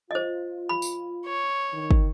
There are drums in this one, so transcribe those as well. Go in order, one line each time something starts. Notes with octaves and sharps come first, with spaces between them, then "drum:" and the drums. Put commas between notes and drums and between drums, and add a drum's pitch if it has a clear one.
F4 C5 D#5
B5
drum: tambourine
C#5
D#3
drum: kick